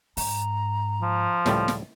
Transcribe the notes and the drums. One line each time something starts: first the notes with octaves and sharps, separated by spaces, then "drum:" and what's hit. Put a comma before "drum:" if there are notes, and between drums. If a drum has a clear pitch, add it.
G#2 A#5, drum: open hi-hat
F3
C#2 A2 G3, drum: snare
drum: snare